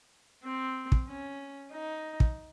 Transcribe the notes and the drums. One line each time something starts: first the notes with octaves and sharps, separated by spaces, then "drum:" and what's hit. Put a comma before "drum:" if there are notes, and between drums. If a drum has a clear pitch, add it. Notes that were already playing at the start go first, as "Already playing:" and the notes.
C4
drum: kick
C#4
D#4
drum: kick